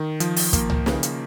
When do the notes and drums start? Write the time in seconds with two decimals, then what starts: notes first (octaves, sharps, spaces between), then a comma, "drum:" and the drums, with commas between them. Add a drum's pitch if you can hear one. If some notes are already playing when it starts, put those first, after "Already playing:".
Already playing: D#3
0.20 F3, drum: hi-hat
0.36 drum: open hi-hat
0.53 A#3, drum: kick, hi-hat
0.70 drum: tom C2
0.86 C#3, drum: snare
1.03 drum: hi-hat